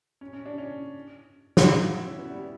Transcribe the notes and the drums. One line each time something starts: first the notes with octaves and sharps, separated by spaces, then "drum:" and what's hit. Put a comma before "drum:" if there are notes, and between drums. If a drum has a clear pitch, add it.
C#4
C#4
D4
C#4
F#4, drum: snare
F#4
E4
C#4
B3
G3